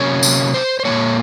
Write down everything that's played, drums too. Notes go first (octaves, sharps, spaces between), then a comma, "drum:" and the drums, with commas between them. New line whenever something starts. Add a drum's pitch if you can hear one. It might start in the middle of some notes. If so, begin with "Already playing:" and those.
Already playing: C3 F#3 A#3 C#4 C#5
drum: tambourine
C5
C5
A#2 F3 A#3 C#5